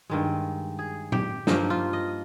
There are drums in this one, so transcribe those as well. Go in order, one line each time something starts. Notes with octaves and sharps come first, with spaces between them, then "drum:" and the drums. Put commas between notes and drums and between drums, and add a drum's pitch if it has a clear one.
G2 D#3 G#3
G#4
G4, drum: tom A2
G2 F3 A#3 D#4, drum: snare
F4
D#5